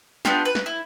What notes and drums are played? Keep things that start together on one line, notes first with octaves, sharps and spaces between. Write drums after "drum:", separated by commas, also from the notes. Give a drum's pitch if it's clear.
B3 D4 F4 G4, drum: snare
B4
drum: snare
E4